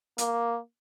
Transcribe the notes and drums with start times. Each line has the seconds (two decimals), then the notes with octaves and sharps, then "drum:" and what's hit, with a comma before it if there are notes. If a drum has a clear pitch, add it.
0.18 A#3, drum: hi-hat